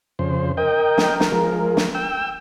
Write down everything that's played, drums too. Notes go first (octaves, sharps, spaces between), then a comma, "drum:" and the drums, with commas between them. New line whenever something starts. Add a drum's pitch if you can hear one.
F2 C#3 C5
A#4 D#5 G5
drum: snare
drum: snare
F3 G#3
drum: snare
G5 E6